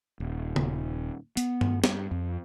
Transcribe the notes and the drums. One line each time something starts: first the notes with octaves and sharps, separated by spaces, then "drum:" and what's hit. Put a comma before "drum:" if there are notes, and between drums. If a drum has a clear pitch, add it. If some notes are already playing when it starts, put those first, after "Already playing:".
D#1
drum: tom C#3
B3, drum: hi-hat
drum: tom G2
G2, drum: snare
F2